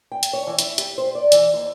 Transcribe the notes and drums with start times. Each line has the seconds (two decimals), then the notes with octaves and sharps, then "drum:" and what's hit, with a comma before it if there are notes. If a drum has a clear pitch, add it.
0.12 G5
0.23 drum: hi-hat
0.33 C#5
0.47 E3
0.59 E4, drum: hi-hat
0.78 G4, drum: hi-hat
0.98 C5
1.15 D5
1.32 E3, drum: hi-hat
1.54 D#2